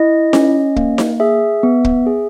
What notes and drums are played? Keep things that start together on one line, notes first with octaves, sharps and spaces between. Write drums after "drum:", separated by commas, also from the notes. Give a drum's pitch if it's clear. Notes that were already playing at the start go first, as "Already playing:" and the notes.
Already playing: E4 D#5
C#4, drum: snare D#4
A#3, drum: kick
drum: snare D#4
G#4 E5
B3
drum: kick
G#4